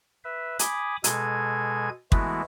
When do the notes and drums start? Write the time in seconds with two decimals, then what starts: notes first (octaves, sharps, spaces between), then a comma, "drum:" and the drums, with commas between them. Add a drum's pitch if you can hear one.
0.24 B4 E5
0.59 G#5 B5 D6 D#6, drum: hi-hat
1.04 B2 G#3 G#4 A4 G#5 G#6, drum: hi-hat
2.12 E3 G#3 A3 B3 E4 F#4, drum: kick